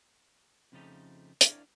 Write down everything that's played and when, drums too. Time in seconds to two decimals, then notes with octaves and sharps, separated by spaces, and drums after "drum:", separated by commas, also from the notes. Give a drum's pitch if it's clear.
0.72 F2 C#3 F3 A3 D#4 G4
1.41 D4 E4 A#4 C#5 D5 F5, drum: hi-hat